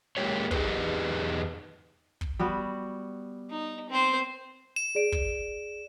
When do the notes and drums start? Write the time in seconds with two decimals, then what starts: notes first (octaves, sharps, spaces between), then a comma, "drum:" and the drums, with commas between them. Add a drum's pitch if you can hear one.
0.17 G#3 A#3 G4 C#5
0.51 E2 D#4 G4 G#4 B4, drum: kick
2.21 drum: kick
2.39 G3 B3 F#4
3.50 D#4
3.90 C4 C5
4.76 E7
4.95 G#4 D5 D7
5.12 drum: kick